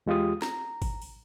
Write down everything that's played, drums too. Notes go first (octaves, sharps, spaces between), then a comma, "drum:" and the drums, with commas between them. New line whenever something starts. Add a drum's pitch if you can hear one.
E2 G#3 F4 G4 D#6
A#5, drum: snare
drum: kick G#1, open hi-hat
drum: open hi-hat